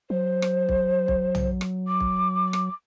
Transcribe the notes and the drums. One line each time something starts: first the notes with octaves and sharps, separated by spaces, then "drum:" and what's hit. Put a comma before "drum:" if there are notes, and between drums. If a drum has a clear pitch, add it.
F#3 C5
drum: rim click
drum: kick
drum: kick
drum: tom
drum: rim click
D6
drum: kick
drum: rim click